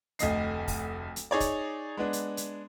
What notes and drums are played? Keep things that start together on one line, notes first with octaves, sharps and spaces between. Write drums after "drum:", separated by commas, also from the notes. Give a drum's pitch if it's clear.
F1 D2 D#5 C7, drum: hi-hat
drum: kick, open hi-hat
drum: hi-hat
D#4 G#4 C#5 D5
drum: kick, hi-hat
G#3 B3 D4
drum: hi-hat
drum: hi-hat